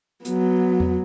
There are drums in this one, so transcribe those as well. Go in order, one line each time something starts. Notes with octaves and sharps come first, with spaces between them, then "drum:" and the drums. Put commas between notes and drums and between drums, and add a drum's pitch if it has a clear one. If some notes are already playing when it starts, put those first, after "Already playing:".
F#3 B3, drum: hi-hat
drum: tom E2